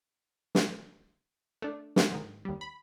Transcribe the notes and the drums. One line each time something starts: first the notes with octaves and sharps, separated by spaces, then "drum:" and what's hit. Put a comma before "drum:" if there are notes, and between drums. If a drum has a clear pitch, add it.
drum: snare
A3 D4
A#3, drum: snare
G#2 D#3
D#2 G3
B5